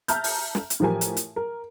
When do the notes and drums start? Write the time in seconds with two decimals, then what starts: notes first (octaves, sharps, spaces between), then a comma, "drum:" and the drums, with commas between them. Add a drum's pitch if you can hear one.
0.08 E5 A5 A#5 F6 G6, drum: hi-hat
0.24 drum: open hi-hat
0.55 drum: snare
0.70 drum: hi-hat
0.80 A2 E3 F3 G4 A#4 G#5
1.01 drum: hi-hat
1.17 drum: hi-hat
1.36 A#4